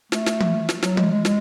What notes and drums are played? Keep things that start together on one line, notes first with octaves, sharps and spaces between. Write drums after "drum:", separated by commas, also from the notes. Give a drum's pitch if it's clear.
A3, drum: snare
drum: snare
drum: tom
drum: snare
F#3, drum: snare
G#3, drum: tom
G#3
G#3, drum: snare